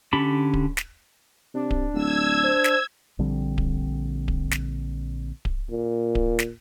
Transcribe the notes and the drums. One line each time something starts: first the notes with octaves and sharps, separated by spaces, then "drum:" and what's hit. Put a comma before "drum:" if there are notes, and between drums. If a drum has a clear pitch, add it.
D3 C#4 G4 A5 B5
drum: kick D1
drum: snare
C3 D4
drum: kick D1
D1 E6 G#6
C5
drum: snare
A#1 D3 G3 C4
drum: kick D1
drum: kick D1
drum: snare
drum: kick D1
A#2
drum: kick D1
drum: snare